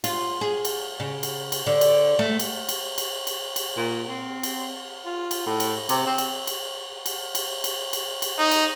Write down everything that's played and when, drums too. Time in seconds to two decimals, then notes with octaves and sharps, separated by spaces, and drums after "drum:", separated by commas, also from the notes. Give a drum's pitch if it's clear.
0.04 F4, drum: cymbal
0.41 G#4
0.65 drum: cymbal
1.00 C#3
1.23 drum: cymbal
1.52 drum: cymbal
1.67 D3
1.81 drum: cymbal
2.19 A3
2.39 drum: cymbal
2.69 drum: cymbal
2.98 drum: cymbal
3.27 drum: cymbal
3.56 drum: cymbal
3.77 A#2
4.09 C4
4.43 drum: cymbal
5.05 F4
5.31 drum: cymbal
5.46 A2
5.60 drum: cymbal
5.89 C3, drum: cymbal
6.07 C4
6.18 drum: cymbal
6.47 drum: cymbal
7.06 drum: cymbal
7.35 drum: cymbal
7.64 drum: cymbal
7.93 drum: cymbal
8.22 drum: cymbal
8.38 D#4
8.51 drum: cymbal